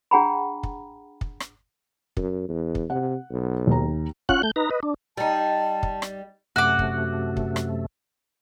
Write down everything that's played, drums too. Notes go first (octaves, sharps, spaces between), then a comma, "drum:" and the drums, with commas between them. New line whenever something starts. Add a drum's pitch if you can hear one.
D4 G#4 F#5 G5 A#5 B5
drum: kick
drum: kick
drum: rim click
F#2, drum: kick
E2
drum: kick
C3 F#5
B1
D#2 A#5
C#4 F4 F#5 F#6, drum: kick
A3 G6
D#4 B4 A#5
B4 D#5
D4
G3 D#4 A5
drum: kick
drum: rim click
F#2 C3 A3 F#4 D6
drum: kick
drum: kick
drum: rim click